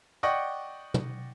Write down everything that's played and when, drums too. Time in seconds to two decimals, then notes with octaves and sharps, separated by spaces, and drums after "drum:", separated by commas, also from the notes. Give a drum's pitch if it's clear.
0.23 D5 D#5 F#5 G5 C#6
0.94 drum: tom